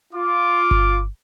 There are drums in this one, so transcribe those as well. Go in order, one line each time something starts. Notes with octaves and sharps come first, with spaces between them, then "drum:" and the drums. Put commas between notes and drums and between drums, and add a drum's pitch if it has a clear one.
F4 D6
drum: kick G1